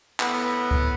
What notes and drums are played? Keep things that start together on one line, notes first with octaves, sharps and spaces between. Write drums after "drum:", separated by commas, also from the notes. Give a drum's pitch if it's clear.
A2 B3, drum: clap
drum: kick C#2